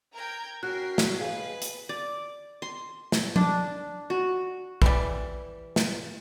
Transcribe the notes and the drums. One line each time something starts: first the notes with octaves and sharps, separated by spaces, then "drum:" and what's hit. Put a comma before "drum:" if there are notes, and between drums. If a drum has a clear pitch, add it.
A#4 G5 A#5 G#6
C#4 F#4 A#4 G5 F#6 B6 C7
drum: snare
G#4 B4 D#5 F5
drum: hi-hat
D5
C6
drum: snare
D4, drum: tom F3
F#4
E3 G3, drum: kick
drum: snare